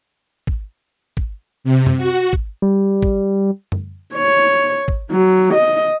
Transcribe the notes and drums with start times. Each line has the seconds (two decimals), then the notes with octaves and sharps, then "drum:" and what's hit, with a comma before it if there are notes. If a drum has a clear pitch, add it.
0.47 drum: kick
1.17 drum: kick
1.64 C3
1.86 drum: tom F#2
1.97 F#4
2.33 drum: kick
2.62 G3
3.02 drum: kick
3.72 drum: tom F#2
4.15 C#5
4.88 drum: kick
5.11 F#3
5.54 D#5